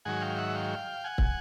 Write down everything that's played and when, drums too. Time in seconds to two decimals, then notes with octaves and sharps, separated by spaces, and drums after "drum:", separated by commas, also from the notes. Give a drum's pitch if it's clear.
0.05 G#2 D#3 F#3 F#5 G#5
0.22 F5 G5
0.38 E5 F#5
0.55 F5 G5
1.04 F#5 G#5
1.18 drum: kick